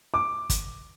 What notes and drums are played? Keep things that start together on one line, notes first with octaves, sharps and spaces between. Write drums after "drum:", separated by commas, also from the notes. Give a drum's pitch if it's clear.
D6
drum: kick, hi-hat